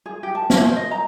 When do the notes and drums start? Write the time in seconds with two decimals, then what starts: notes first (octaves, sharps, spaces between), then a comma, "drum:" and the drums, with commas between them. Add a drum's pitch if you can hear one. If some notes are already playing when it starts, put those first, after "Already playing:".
0.06 G#4
0.23 G4
0.35 A5
0.50 E4, drum: snare
0.63 C5
0.76 D#5
0.91 A#5